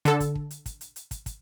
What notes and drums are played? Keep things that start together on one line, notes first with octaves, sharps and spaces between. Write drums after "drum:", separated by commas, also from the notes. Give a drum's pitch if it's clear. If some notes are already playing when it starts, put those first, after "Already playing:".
D3 A4, drum: hi-hat
drum: kick, hi-hat
drum: kick
drum: hi-hat
drum: kick, hi-hat
drum: hi-hat
drum: hi-hat
drum: kick, hi-hat
drum: kick, hi-hat